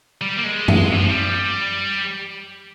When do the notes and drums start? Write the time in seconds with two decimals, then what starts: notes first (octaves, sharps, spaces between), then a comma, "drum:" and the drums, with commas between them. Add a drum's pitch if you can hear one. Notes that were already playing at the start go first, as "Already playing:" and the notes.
0.21 G3
0.37 A#3
0.44 G#3
0.68 drum: tom F#2
0.87 E3
0.98 F3
1.10 G3